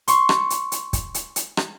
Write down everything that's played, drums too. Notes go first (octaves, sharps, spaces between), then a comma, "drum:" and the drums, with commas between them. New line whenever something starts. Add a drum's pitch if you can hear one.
C6 C#6, drum: hi-hat
drum: rim click
drum: hi-hat
drum: hi-hat
drum: kick, hi-hat
drum: hi-hat
drum: hi-hat
drum: rim click